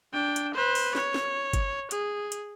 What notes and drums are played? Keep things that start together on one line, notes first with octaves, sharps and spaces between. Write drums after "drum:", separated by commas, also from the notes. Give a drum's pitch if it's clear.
D4 G5
drum: hi-hat
B4 C5
drum: open hi-hat
C#5, drum: snare
drum: snare
drum: kick, hi-hat
G#4, drum: hi-hat
drum: hi-hat